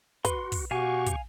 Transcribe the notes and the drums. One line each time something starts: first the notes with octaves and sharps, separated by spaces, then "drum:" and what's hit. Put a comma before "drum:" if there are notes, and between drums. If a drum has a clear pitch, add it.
F#4 B4 C6, drum: kick, hi-hat
drum: kick, open hi-hat
B2 F#4 G4 F5 G#5 C#6
drum: kick, hi-hat